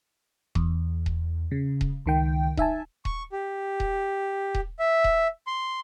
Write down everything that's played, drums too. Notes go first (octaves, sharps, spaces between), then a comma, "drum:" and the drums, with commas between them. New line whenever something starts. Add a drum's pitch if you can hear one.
E2, drum: kick D#1
drum: kick D#1
C#3
drum: kick D#1
C#2 D#3 G5
D#4 E5 G#5 A5, drum: kick D#1
C#6, drum: kick D#1
G4
drum: kick D#1
drum: kick D#1
E5
drum: kick D#1
C6